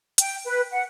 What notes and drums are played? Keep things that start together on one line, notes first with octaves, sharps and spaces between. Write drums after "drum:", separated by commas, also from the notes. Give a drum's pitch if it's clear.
G5, drum: hi-hat
B4
F#5